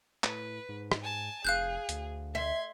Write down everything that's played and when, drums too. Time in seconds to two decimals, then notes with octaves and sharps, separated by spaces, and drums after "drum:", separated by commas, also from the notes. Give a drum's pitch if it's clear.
0.24 A2 B4, drum: clap
0.69 G#2
0.92 drum: rim click
1.02 G#5 A5
1.45 F1 G#4 F5 F#6 G6
1.89 D2, drum: hi-hat
2.35 E5 C6 G#6